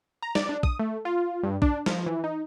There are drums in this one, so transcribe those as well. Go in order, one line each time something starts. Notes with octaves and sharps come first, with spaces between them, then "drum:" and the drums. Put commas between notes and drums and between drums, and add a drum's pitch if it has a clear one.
A#5
D5, drum: snare
D4
D#6, drum: kick
A3
F4
G2
D4, drum: kick
F3, drum: snare
E3
D#4